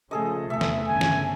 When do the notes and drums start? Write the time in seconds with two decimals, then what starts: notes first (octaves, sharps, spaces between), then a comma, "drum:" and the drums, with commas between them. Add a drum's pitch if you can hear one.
0.11 C#3 F3 A3 G#4 A4 D#5
0.50 E2 C3 A3 A4 E5
0.61 drum: snare
0.88 G1 C#3 G#5
1.01 drum: snare